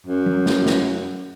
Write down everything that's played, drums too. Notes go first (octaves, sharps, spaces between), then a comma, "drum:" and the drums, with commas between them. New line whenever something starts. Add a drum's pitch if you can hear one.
F#2
drum: tom F#3
drum: snare
drum: snare